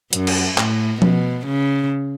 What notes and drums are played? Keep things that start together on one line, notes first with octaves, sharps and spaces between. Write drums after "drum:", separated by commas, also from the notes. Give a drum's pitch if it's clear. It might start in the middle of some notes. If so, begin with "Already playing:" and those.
F#2, drum: hi-hat
drum: cymbal
A2, drum: clap
B2, drum: tom F3
C#3